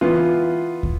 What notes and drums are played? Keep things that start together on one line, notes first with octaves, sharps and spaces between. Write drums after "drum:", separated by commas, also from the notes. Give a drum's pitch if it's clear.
E3 B3 F4
drum: kick